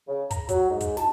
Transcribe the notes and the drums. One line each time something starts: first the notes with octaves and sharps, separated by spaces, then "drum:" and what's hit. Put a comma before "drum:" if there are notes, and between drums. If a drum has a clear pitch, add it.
C#3
A#5, drum: kick, hi-hat
F#3, drum: kick, hi-hat
G#2
drum: kick, hi-hat
A5, drum: snare